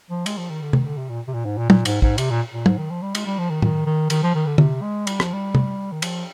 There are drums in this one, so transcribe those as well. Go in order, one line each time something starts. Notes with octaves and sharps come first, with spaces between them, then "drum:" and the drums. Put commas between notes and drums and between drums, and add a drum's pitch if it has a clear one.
F3
G#3, drum: cymbal
F3
D#3
D3
D#3, drum: tom C3
D3
C3
A#2
C3
A#2
G#2
A#2
A#2, drum: tom
G#2, drum: cymbal
G#2, drum: kick
C3, drum: cymbal
A#2
A#2
G#2, drum: tom
D#3
F3
G3
G#3, drum: cymbal
G3
F3
D#3
D#3, drum: tom A2
D#3
D#3, drum: cymbal
F3
D#3
D3
C3, drum: tom D3
G#3
G3, drum: cymbal
F3, drum: rim click
G3
drum: tom C3
D#3
F3, drum: cymbal